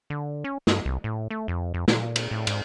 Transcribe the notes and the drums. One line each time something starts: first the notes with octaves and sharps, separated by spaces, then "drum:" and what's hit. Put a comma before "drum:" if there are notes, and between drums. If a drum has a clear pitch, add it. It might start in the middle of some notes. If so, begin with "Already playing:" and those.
D3
C#4
G2, drum: snare
C2
A2
A3
F2
F2
A#2, drum: snare
drum: cymbal
A2
G#2, drum: cymbal